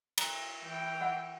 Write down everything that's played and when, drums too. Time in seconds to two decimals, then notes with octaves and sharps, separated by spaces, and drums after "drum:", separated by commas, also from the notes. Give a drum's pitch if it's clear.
0.18 A#5, drum: cymbal
0.63 E3 G5
1.01 F#5